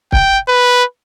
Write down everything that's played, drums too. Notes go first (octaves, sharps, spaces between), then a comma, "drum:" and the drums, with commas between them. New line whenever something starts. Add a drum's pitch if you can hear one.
G5, drum: kick
B4